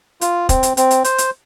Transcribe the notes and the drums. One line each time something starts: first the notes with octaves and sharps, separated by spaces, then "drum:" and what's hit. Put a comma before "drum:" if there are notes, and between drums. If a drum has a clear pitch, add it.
F4, drum: hi-hat
C4, drum: kick, hi-hat
drum: hi-hat
C4, drum: hi-hat
drum: hi-hat
C5, drum: hi-hat
drum: hi-hat